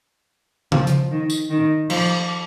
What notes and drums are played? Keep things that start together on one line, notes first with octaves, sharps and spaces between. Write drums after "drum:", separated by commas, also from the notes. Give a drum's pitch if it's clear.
F3, drum: tom C#3
drum: hi-hat
D#3
drum: tambourine
D#3
F3, drum: cymbal